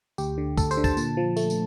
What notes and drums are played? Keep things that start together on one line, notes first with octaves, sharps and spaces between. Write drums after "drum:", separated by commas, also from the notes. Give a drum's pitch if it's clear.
D2 G4, drum: tambourine
D3
D2 A4, drum: kick, tambourine
C5, drum: tambourine
D3
A5, drum: kick, tambourine
A#2, drum: tambourine
F3
A3, drum: tambourine
drum: tambourine